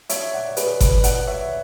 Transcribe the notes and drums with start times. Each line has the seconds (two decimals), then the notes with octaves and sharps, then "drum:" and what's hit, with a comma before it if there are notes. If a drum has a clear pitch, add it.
0.09 C#5 E5, drum: hi-hat
0.34 D5 F#5
0.49 C#5
0.57 G#4 B4, drum: hi-hat
0.81 B4 D5, drum: kick G1, hi-hat
1.04 D5 F#5, drum: hi-hat
1.27 C#5 E5